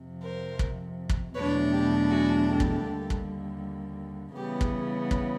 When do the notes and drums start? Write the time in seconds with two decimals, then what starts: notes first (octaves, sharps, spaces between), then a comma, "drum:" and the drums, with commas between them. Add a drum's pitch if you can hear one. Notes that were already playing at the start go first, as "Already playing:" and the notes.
Already playing: F2 C3 F3
0.22 A#4 C5
0.59 drum: kick
1.09 drum: kick
1.34 E2 B2 F#3 A3 D4 B4 C#5
1.72 G4
2.10 F#4 G#4
2.47 G4 A4
2.60 drum: kick
2.85 D#2 D3 G3
3.10 drum: kick
4.36 C#3 E3 G3 B3 G4
4.61 drum: kick
5.11 drum: kick